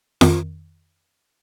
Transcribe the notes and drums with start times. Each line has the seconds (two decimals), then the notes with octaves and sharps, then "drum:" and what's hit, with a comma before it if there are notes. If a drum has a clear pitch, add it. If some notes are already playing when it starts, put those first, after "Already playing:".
0.21 F2 D#3, drum: snare F4